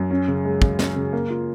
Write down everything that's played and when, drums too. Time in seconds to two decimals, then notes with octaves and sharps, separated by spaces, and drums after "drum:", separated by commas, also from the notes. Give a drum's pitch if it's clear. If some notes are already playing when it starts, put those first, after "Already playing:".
Already playing: F#2
0.10 C#4
0.28 C#3
0.45 G#3
0.62 C#3, drum: kick
0.79 C#4, drum: snare
0.96 C#3
1.13 A#3
1.30 F4